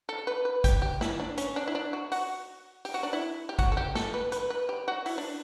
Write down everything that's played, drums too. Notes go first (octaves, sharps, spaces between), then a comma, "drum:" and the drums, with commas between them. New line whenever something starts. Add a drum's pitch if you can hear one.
A4
B4
B4
G4, drum: kick, hi-hat
G4
E4, drum: snare
D4
C#4, drum: hi-hat
D4
E4
D4
F#4
F#4, drum: open hi-hat
G4, drum: open hi-hat
F#4
D4
E4
G4
F#4, drum: kick, hi-hat
A4
G4
A4, drum: snare
B4
B4, drum: hi-hat
B4
G4
F#4
E4, drum: open hi-hat
D4